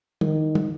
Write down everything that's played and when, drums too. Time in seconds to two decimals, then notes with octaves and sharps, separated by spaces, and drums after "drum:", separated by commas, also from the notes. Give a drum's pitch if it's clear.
0.21 D#3, drum: tom
0.55 drum: tom